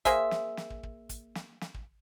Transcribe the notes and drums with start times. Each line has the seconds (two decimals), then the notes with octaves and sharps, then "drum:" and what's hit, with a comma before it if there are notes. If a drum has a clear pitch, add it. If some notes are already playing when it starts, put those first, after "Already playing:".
0.05 A#3 G#4 C5 E5, drum: kick, hi-hat
0.31 drum: snare
0.57 drum: snare
0.70 drum: kick
0.83 drum: kick
1.09 drum: kick, hi-hat
1.35 drum: snare
1.61 drum: snare
1.74 drum: kick